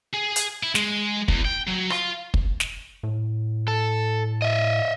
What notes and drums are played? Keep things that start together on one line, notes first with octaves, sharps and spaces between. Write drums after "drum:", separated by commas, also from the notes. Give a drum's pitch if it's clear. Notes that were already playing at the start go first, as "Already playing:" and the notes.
G#4
drum: hi-hat
E4
G#3, drum: snare
E2, drum: kick
G5
F#3
F4, drum: rim click
drum: kick
drum: snare
A2
A4
D#5 E5